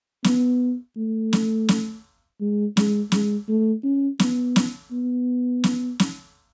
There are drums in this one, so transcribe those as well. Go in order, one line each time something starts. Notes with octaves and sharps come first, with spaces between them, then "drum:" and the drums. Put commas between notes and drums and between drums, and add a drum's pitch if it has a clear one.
B3, drum: snare
A3
drum: snare
drum: snare
G#3
G#3, drum: snare
G#3, drum: snare
A3
C#4
B3, drum: snare
drum: snare
B3
drum: snare
drum: snare